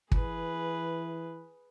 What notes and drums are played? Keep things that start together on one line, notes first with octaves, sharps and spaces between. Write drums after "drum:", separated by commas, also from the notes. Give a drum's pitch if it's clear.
E3 G#4 B4, drum: kick